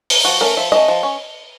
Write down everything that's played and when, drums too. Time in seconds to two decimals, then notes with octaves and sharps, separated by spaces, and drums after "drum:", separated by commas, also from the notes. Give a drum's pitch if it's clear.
0.10 drum: open hi-hat
0.25 F3 F#4
0.41 A3 C#4 A#4
0.57 F3 E5
0.72 A3 C#4 D#5
0.88 F3
1.03 C#4